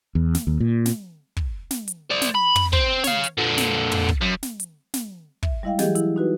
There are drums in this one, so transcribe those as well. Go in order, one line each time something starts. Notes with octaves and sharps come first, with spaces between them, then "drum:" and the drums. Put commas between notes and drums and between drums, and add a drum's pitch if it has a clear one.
E2
drum: snare
D#2
A#2
drum: snare
drum: kick
drum: snare
drum: hi-hat
C5 D5
drum: snare
B5
drum: tom
C4, drum: kick
C#5 F5, drum: snare
drum: hi-hat
A#2 D3
drum: snare
drum: tom
drum: kick
F#2
drum: snare
drum: hi-hat
drum: snare
E5, drum: kick
G3 G#3 E4 D#5 F5 G5
E3 F#3 G4 G#4 D#5, drum: snare
E4, drum: hi-hat
D#4 F#4 B4